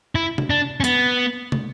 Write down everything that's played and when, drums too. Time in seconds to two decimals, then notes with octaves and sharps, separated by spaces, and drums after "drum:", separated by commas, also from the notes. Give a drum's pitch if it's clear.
0.15 E4
0.38 drum: tom
0.50 D4
0.80 C#4
0.84 B3, drum: hi-hat
1.52 drum: tom